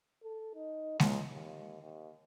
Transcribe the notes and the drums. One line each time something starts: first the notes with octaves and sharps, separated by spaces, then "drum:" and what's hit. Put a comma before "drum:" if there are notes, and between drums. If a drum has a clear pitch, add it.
A4
D#4
C#2, drum: snare G#3
D#2
D#2